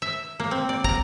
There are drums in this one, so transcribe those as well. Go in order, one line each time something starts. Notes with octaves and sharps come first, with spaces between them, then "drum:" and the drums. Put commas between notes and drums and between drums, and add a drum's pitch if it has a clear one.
E5
A#3
C4
D5
A#5, drum: kick